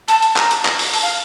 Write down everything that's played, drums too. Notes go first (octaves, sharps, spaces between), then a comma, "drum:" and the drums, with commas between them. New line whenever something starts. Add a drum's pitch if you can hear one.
A5, drum: hi-hat
drum: hi-hat
A#5, drum: clap
drum: hi-hat
drum: clap
drum: open hi-hat
A5, drum: open hi-hat
F5